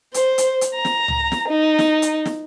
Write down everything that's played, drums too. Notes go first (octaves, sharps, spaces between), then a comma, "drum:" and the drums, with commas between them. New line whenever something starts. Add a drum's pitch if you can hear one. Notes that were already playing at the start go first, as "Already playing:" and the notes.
C5, drum: hi-hat
drum: hi-hat
drum: hi-hat
A#5
drum: snare
drum: tom
drum: snare
D#4
drum: snare
drum: hi-hat
drum: snare